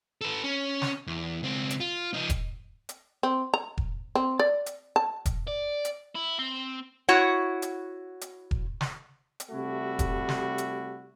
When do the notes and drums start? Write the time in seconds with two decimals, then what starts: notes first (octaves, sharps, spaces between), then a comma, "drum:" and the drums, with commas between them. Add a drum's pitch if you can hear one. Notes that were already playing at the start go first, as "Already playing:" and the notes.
0.21 A4 B4
0.44 C#4
0.82 drum: snare
1.07 E2
1.43 C#2 C4
1.70 drum: hi-hat
1.80 F4
2.14 F3 D#4
2.30 drum: kick E1, hi-hat
2.89 drum: hi-hat
3.23 C4
3.54 A#5
3.78 drum: kick E1
4.15 C4
4.39 D5
4.66 drum: hi-hat
4.96 A5
5.25 drum: kick E1, hi-hat
5.47 D5
5.85 drum: hi-hat
6.15 E4
6.39 C4
7.09 E4 F#4 C#5 F#5
7.62 drum: hi-hat
8.21 drum: hi-hat
8.51 drum: kick E1
8.81 drum: snare
9.40 drum: hi-hat
9.51 C3 G3 A3 E4 F#4
9.99 drum: kick E1, hi-hat
10.29 drum: snare
10.58 drum: hi-hat